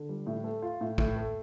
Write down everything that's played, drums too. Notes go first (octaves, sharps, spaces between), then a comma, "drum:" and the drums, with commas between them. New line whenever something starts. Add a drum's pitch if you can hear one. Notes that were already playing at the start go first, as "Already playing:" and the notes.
Already playing: D3
G3
A2
A3
F4
A2
A2, drum: kick
A3